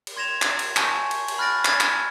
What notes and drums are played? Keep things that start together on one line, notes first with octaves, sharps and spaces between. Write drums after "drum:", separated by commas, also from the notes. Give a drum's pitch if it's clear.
drum: cymbal
C6 G#6 A#6 E7 F7
drum: clap
drum: cymbal
G#5 A5 C#6 G6, drum: clap
drum: cymbal
drum: cymbal
B5 F6 F#6 A6 A#6 D7
G#6 A6, drum: clap
drum: clap